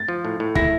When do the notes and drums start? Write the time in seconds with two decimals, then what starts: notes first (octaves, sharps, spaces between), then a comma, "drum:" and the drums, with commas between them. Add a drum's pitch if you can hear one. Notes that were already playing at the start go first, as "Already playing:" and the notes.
Already playing: A6
0.08 F3
0.25 A2
0.40 A2
0.55 E4 A#6, drum: kick